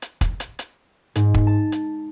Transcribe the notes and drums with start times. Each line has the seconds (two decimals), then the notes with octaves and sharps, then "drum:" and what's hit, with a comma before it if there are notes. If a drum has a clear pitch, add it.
0.02 drum: hi-hat
0.21 drum: kick, hi-hat
0.40 drum: hi-hat
0.59 drum: hi-hat
1.15 G#2, drum: hi-hat
1.34 drum: kick
1.47 A5
1.72 drum: hi-hat